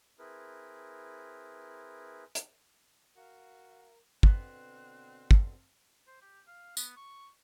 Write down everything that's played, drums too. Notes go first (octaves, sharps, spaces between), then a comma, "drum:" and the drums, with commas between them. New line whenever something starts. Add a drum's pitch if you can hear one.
C4 E4 G#4 A#4 B4
drum: hi-hat
F#4 A#4 F5
B2 D3 B3 C4 F#6, drum: kick
drum: kick
C5
G4
F5
B3, drum: tambourine
C#6